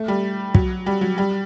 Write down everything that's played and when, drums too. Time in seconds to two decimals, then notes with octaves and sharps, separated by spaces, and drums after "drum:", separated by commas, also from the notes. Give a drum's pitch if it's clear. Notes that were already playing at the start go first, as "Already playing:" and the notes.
Already playing: A3
0.08 G3
0.55 F#3, drum: kick
0.86 G3
1.01 F#3
1.18 G3